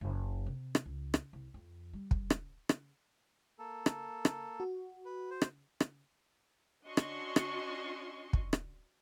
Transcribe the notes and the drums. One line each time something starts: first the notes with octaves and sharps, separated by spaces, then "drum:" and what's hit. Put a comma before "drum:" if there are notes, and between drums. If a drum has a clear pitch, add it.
F#1
C3
drum: rim click
C#2
drum: rim click
C2
F2
G3
drum: kick
drum: rim click
drum: rim click
A#3 A4
drum: rim click
drum: rim click
F#4
B4
C5
drum: rim click
drum: rim click
C#4 D4 F#4 D#5 C6 C#6
drum: rim click
drum: rim click
drum: kick
drum: rim click